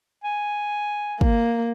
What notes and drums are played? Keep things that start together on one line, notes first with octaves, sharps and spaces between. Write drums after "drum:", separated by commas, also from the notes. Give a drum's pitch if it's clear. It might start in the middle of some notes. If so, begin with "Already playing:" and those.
G#5
A#3, drum: kick